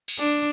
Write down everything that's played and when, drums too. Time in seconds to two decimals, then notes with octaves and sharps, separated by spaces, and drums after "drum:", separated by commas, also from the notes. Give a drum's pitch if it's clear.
0.08 drum: cymbal
0.19 D4